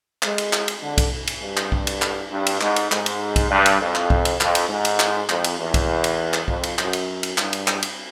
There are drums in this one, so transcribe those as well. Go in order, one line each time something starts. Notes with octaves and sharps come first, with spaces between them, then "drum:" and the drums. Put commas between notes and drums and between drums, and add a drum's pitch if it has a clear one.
G#3, drum: clap
drum: cymbal
drum: clap
drum: cymbal
D3
drum: kick B1, cymbal
drum: cymbal
G2
drum: clap
drum: kick B1
drum: cymbal
drum: clap
G2
drum: cymbal
G#2, drum: clap
drum: cymbal
G#2, drum: clap
drum: cymbal
drum: kick B1, cymbal
G2
drum: cymbal
F2
drum: clap
drum: kick B1
drum: cymbal
F2, drum: clap
drum: cymbal
G#2
drum: cymbal
drum: clap
F2, drum: clap
drum: cymbal
E2
drum: kick B1, cymbal
drum: cymbal
drum: clap
F2, drum: kick B1
drum: cymbal
F#2, drum: clap
drum: cymbal
drum: cymbal
G2, drum: clap
drum: cymbal
drum: clap
drum: cymbal